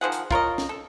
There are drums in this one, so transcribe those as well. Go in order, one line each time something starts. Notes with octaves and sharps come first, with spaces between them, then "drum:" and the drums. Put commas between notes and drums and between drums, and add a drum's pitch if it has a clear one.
D#3 F3 G#4 F#5
drum: hi-hat
F4 A#4 C#5 D#5, drum: kick
drum: snare
A4